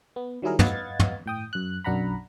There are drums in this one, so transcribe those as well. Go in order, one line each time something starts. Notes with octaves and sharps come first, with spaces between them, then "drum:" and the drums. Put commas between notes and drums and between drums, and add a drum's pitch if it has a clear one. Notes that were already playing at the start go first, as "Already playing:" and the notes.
B3
D#3 F#3 G3 E4 G#4 A#4
B4 D#5 F5 F#5 G#6 A6, drum: tom
drum: tom
A2 G5 D#6
F#2 F#6
B1 F#2 D4 F#5 A#5 B5